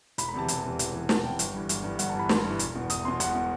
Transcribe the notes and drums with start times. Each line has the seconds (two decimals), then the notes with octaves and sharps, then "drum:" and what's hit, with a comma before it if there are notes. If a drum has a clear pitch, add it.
0.18 E1 B5, drum: hi-hat
0.29 B5
0.34 E2 C3 E3 A5
0.48 E1, drum: hi-hat
0.64 E2 C3 E3
0.79 E1, drum: hi-hat
0.94 E2 C3 E3
1.09 E1 A5, drum: snare
1.24 E2 C3 E3 G5
1.39 G1, drum: hi-hat
1.54 G2 E3
1.69 G1, drum: hi-hat
1.84 G2 E3
1.99 G1 F#5, drum: hi-hat
2.09 A5
2.15 G2 E3 B5
2.29 G1 C6, drum: snare
2.44 G2 E3
2.59 E1, drum: hi-hat
2.74 E2 B2
2.90 E1 D#6, drum: hi-hat
3.05 E2 B2 C6
3.20 E1 F#5, drum: hi-hat
3.35 B2